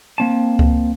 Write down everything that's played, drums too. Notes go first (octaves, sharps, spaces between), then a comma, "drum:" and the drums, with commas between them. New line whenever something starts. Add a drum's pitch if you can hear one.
A#3 C4 A5
drum: kick C#2